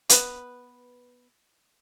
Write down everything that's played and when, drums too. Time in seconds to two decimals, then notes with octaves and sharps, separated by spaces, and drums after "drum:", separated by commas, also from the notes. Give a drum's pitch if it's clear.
0.09 B3 B4, drum: hi-hat